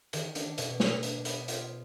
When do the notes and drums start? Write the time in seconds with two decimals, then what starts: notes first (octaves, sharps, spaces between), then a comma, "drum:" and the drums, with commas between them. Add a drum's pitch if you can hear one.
0.13 D#3, drum: hi-hat
0.35 D4, drum: hi-hat
0.58 B2, drum: hi-hat
0.80 D4, drum: snare
1.03 D4, drum: hi-hat
1.25 B3, drum: hi-hat
1.48 F4, drum: hi-hat